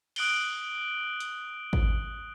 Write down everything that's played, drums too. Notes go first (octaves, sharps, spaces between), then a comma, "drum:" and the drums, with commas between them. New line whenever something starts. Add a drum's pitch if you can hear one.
D#6 F#6 D7 F#7 G7, drum: cymbal
drum: hi-hat
drum: kick G#1